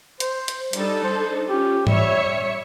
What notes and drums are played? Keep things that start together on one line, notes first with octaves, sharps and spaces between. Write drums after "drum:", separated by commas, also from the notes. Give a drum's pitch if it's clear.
C5, drum: hi-hat
drum: hi-hat
G3 D4 D#4 A4, drum: hi-hat
C5
C#4 F4 G4
G3 C#5 E5 C#7, drum: tom G#2